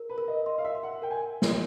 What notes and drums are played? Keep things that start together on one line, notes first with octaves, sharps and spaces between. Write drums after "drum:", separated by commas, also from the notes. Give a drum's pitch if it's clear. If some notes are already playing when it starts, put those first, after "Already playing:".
Already playing: A#4
B4
A#4
D#5
D#5 C6
F5
E5
C6
F#5
A#4 G5
G#5
drum: snare